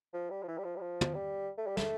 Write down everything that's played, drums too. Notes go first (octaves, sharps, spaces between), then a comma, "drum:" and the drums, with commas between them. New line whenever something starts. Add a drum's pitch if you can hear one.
F3
G3
F3
E3
G3
F3
G3
F3
drum: tom
G3
A3
G3
A3, drum: snare